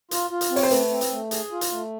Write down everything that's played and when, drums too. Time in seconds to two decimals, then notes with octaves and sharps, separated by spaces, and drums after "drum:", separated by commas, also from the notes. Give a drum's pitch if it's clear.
0.11 F4, drum: hi-hat
0.30 F4
0.41 drum: hi-hat
0.51 C4
0.56 C#5, drum: open hi-hat
0.63 C5
0.71 A3 B4, drum: hi-hat
0.90 C4
1.01 drum: hi-hat
1.11 A3
1.31 G#4, drum: hi-hat
1.52 F4
1.61 drum: hi-hat
1.71 A3